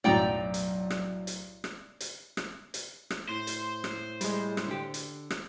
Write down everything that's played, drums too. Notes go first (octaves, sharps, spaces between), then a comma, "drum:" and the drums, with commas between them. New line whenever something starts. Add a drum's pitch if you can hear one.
B1 F#2 A2 D5 G5 A#5
drum: hi-hat
drum: rim click
drum: hi-hat
drum: rim click
drum: hi-hat
drum: rim click
drum: hi-hat
drum: rim click
A2 C5
drum: hi-hat
drum: rim click
G3 G#3, drum: hi-hat
drum: rim click
D3 G4
drum: hi-hat
drum: rim click